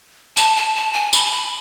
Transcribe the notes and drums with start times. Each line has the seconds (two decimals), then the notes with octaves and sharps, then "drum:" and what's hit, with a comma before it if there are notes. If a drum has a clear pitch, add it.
0.37 A5, drum: tambourine
0.56 A5
0.76 A5
0.93 G#5
1.13 B5, drum: tambourine
1.26 A5
1.31 B5